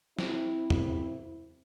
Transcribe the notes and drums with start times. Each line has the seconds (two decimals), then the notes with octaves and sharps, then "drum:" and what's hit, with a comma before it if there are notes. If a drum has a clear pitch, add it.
0.19 C4 E4, drum: snare
0.70 drum: tom